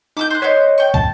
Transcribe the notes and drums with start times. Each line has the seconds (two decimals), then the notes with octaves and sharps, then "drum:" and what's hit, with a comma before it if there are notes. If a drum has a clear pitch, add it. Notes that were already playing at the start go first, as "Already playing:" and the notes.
0.17 D#4 D6 E6 G6
0.30 C5 F#6
0.42 B3 C5 C#5 D#5
0.78 G5 C#6
0.94 A5, drum: kick